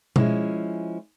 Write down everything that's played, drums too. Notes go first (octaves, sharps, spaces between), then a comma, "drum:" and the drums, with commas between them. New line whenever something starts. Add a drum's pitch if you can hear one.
F3 G#3 C#4 E4, drum: tom B2